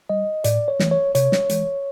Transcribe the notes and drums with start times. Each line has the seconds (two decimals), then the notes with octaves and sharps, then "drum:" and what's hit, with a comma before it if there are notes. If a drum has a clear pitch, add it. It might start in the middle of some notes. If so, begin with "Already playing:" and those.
0.09 G3 D#5
0.44 A2 D5, drum: hi-hat
0.68 C#5
0.79 E3 A3, drum: snare
0.91 C#5
1.15 C3 C#5, drum: hi-hat
1.32 drum: snare
1.49 E3 G#3, drum: hi-hat